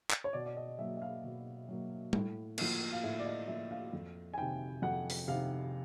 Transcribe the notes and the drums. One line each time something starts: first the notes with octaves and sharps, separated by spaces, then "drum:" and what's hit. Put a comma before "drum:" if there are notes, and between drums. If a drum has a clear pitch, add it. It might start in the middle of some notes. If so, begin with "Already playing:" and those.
drum: clap
C#5
B2 D5
D5
D#5
F#3 A#3 E5
E5
F5
B2
F#3 A#3
A2, drum: tom G3
F3 A#3, drum: cymbal
F5
A2 E5
D5
D#5
F3 A#3 E5
F5
F2
G#5
C3 D#3 G5
F2 F#5
drum: open hi-hat
C3 D#3 F5